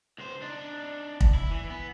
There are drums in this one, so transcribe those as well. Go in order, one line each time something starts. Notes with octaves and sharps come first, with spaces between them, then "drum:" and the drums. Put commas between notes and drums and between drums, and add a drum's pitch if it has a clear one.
C#2 C5
D4 D#4
drum: kick
E4
E3
B3